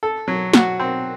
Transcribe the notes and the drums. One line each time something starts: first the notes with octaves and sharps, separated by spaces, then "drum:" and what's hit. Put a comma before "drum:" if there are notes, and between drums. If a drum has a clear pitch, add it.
A4
F#3
F#4, drum: snare
C4